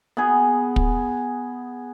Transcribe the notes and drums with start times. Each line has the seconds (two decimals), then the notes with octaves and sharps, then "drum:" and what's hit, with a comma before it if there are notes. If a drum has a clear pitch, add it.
0.17 B3 G#4
0.76 drum: kick